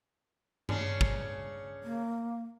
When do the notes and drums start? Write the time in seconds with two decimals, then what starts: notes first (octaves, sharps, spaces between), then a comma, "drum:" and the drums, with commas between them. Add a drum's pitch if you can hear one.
0.69 C#3 C#4 D4, drum: tom G2
1.01 drum: kick
1.84 A#3